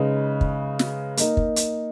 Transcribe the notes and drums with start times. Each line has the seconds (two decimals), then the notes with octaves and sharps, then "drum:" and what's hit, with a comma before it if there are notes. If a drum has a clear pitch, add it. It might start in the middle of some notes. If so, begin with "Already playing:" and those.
Already playing: C#3 G#3 D#4 B4
0.41 drum: kick
0.79 drum: snare
1.17 A#3 D#4 A#4, drum: hi-hat
1.37 drum: kick
1.56 drum: hi-hat